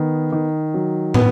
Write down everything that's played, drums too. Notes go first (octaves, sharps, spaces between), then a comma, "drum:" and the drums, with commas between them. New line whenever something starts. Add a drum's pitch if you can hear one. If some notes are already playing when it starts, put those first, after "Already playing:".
Already playing: D#3 B3
D#3
F#3
B3, drum: tom